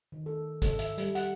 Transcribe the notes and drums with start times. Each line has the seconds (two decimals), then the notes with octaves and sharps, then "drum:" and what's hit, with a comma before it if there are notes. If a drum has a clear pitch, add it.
0.12 D#3
0.26 A4
0.62 A4, drum: kick, hi-hat
0.79 E5, drum: hi-hat
0.98 G3, drum: hi-hat
1.15 F#5, drum: hi-hat